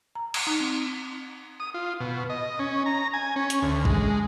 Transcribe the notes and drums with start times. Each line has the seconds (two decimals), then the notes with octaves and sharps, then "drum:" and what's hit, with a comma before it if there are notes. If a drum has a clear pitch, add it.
0.15 A#5
0.34 G#6, drum: cymbal
0.47 D#4
0.60 C4
1.60 D#6
1.74 F4
2.00 B2
2.30 D#5
2.59 C#4
2.86 A#5
3.14 G#5
3.36 C#4
3.50 drum: hi-hat
3.62 D2
3.85 G#3, drum: kick A1